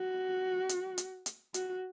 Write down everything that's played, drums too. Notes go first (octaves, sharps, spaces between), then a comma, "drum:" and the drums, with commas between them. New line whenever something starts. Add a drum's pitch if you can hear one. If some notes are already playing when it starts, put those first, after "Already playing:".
Already playing: F#4
drum: hi-hat
drum: hi-hat
drum: hi-hat
F#4, drum: hi-hat